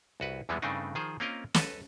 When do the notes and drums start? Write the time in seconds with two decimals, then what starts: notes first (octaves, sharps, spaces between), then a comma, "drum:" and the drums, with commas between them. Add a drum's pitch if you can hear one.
0.20 C2 F#4 B4
0.49 E2 E3 F3 G3 G#3 B3
0.62 G2 C#3 A3 C4 D4 D#4
0.95 D#3 F3 G#4 C5
1.20 A#3 C4 C#4 F4 A#4 D#5
1.54 A4 B4 D#5, drum: snare